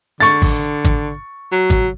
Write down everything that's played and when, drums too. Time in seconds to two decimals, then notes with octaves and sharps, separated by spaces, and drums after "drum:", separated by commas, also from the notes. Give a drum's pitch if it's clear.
0.20 D3 C#6 A6
0.42 drum: kick G#1, open hi-hat
0.85 drum: kick G#1, hi-hat
1.52 F#3
1.70 drum: kick G#1, hi-hat